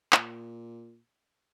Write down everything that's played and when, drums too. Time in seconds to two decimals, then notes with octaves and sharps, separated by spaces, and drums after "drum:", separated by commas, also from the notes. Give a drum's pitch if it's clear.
0.12 A#2, drum: clap